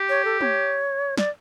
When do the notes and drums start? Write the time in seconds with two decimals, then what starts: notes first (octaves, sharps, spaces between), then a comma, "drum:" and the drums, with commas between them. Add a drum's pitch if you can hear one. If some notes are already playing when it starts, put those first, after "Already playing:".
Already playing: G4
0.09 C#5
0.25 A4
0.41 C#5, drum: tom
1.18 D5, drum: snare